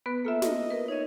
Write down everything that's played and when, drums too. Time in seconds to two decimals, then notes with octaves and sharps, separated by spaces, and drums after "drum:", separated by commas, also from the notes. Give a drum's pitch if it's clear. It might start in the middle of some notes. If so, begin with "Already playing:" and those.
0.06 B3 B4 F#6
0.25 A#3 F4 A4 E5
0.42 D#5, drum: snare
0.70 A#4 B4
0.88 D#4 C#5 D#5